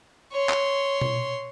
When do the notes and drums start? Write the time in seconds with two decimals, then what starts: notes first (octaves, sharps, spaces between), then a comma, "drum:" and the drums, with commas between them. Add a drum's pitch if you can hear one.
0.32 C#5 C6
0.49 drum: clap
1.01 drum: tom B2